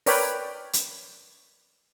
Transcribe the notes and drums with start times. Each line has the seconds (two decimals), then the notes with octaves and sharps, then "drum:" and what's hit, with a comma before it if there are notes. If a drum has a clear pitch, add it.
0.06 A#4 B4 C#5 D5 G5 B5, drum: open hi-hat
0.73 drum: hi-hat